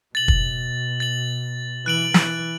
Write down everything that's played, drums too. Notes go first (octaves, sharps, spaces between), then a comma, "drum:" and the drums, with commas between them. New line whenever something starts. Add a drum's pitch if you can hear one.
B2 A6 F#7
drum: kick
A6 F#7
E3 F#6 D7 F#7
E3, drum: snare